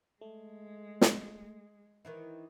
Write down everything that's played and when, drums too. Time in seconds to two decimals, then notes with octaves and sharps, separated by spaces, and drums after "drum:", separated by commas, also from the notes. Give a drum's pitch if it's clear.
0.21 G#3 A3
1.01 drum: snare
2.05 D#3 E3 E4